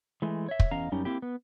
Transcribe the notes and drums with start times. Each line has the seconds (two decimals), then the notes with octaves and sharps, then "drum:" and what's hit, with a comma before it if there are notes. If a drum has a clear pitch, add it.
0.22 E3 G#3 A3
0.49 C#5 E5
0.60 drum: kick
0.71 E2 C#4 D#5 F5 A#5
0.92 F#2 G3 C#4 D#4 G4
1.05 A#3 C4 E4 G4
1.22 B3